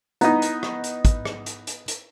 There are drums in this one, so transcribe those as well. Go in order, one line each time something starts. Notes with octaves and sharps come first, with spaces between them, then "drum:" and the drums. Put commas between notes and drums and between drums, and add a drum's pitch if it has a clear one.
B3 D#4 E4 D#5, drum: hi-hat
drum: hi-hat
drum: rim click
drum: hi-hat
drum: kick, hi-hat
drum: rim click
drum: hi-hat
drum: hi-hat
drum: hi-hat